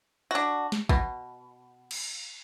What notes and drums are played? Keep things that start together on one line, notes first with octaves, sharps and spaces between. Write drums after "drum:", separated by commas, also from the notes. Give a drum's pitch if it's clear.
D4 F#4
drum: snare
B2, drum: kick
drum: cymbal